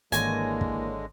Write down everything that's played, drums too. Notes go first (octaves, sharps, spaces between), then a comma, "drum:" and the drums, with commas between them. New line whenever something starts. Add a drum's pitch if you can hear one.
G#1 D3 E3 G#3 A#3 C#5 G#5 A#6, drum: hi-hat
drum: kick